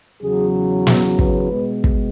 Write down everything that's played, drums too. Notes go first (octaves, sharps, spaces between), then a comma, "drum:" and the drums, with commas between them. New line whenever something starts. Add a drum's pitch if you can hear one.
E2 C#3 F#3 G#4
drum: snare
B4, drum: kick
B2 G#3 B3
drum: kick